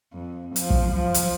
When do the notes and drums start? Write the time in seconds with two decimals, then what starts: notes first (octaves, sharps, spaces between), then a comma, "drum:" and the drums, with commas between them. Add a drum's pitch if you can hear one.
0.14 F2
0.56 F3, drum: hi-hat
0.70 drum: kick
0.92 F3
1.14 drum: hi-hat